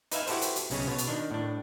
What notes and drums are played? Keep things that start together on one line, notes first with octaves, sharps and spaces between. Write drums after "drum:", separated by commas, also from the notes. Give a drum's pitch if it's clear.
D#4 B4 E5 F5 G#5, drum: hi-hat
E4 F#4 G4 A4 B4 C5, drum: open hi-hat
drum: hi-hat
drum: hi-hat
B1 C#3 C#4 G#4 C#5, drum: open hi-hat
B2 C#5
drum: hi-hat
D#3 D4
A2 D4